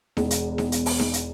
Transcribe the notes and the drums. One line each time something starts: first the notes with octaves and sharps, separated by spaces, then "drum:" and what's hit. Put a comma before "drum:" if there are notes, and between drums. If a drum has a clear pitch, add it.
E1 E2, drum: snare D#4
drum: hi-hat
drum: snare D#4
drum: hi-hat
drum: open hi-hat
drum: snare D#4
drum: hi-hat